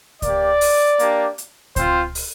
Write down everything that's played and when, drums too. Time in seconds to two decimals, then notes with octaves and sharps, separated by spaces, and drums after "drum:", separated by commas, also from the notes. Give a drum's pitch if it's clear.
0.22 A#3 G4 D5, drum: kick C#2, hi-hat
0.61 drum: open hi-hat
0.99 A#3 D4 G4, drum: hi-hat
1.38 drum: hi-hat
1.76 C4 F4 C5, drum: kick C#2, hi-hat
2.15 drum: open hi-hat